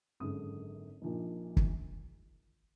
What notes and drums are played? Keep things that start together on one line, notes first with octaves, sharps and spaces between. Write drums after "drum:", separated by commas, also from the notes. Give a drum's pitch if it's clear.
G#1 F#2 D3 G#3 D#6
A#1 A#2 F3 A#3 D#4
drum: kick